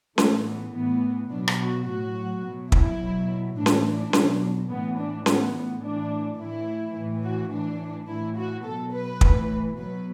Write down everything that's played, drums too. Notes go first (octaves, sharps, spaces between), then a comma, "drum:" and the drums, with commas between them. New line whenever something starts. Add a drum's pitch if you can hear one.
A2 E3 A3, drum: snare C#4
B3
A2 E3 B3
B2 F#3 D4
drum: rim click
F#4
A2 F#3 F#4
B2 F#3
E4, drum: kick
B2 F#3
A2 E3 D4
drum: snare C#4
D4
B2 F#3, drum: snare C#4
A2 E3 B3
D4
A2 E3 B3, drum: snare C#4
B3
A2 E3 D4
A2 E3 E4
A2 E3
F#4
A2 E3 D4
A2 E3 E4
F#4
B2 F#3 A4
B4
A2 E3, drum: kick
B2 F#3 B4